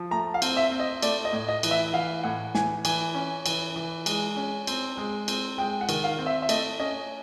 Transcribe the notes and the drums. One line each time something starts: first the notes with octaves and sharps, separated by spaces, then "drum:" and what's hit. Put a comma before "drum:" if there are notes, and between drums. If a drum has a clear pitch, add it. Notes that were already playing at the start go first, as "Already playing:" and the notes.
Already playing: F3
A3 A#5
F5
C4, drum: cymbal
E5
C4
D#5
A3 D5, drum: cymbal
D#5
A2
D#5
E3, drum: cymbal
E5
E3 F5
A2 F#5
E3 G#5, drum: snare
E3 G#5, drum: cymbal
C#4
E3, drum: cymbal
E3
G#3, drum: cymbal
C#4
C4, drum: cymbal
G#3
C4, drum: cymbal
G#3 G5
F#5
D#3, drum: cymbal
F5
C4
E5
E5
A3 D#5, drum: cymbal
C#4 D#5